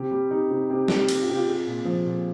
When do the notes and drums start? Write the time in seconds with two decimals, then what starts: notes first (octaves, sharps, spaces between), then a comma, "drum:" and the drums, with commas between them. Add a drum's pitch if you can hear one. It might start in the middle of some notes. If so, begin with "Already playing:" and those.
Already playing: C3 G4
0.11 G3
0.31 G3 D#4
0.50 C3
0.70 C3 G4
0.88 G3, drum: snare
0.96 G4
1.09 G3, drum: cymbal
1.21 F4
1.28 C3 G4
1.36 F4
1.47 G#3
1.67 A#2
1.85 F3
2.06 A#2